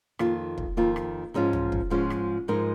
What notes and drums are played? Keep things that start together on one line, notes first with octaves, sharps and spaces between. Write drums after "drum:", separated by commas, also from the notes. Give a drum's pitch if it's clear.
F2 D#3 A#3 F4, drum: rim click
drum: kick
F2 D#3 A#3 F4
drum: rim click
G#2 F3 G#3 C#4 F4
drum: tom
drum: kick
G#2 F3 G#3 C#4 F4
drum: rim click
G#2 F3 G#3 D#4 A#4